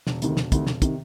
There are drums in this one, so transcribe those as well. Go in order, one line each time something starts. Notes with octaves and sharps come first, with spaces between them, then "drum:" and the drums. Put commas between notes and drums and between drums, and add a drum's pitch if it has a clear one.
E1, drum: snare
D2 C3 D#3, drum: hi-hat
E1, drum: snare
D2 C3 D#3, drum: kick, hi-hat
E1, drum: snare
C3 D#3, drum: kick, hi-hat